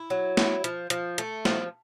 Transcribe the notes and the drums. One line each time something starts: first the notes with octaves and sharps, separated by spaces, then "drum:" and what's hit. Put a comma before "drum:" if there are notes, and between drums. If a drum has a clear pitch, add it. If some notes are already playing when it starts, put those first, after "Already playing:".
Already playing: E4
F#3
E4, drum: snare
F3, drum: hi-hat
F3, drum: hi-hat
A3, drum: hi-hat
F3, drum: snare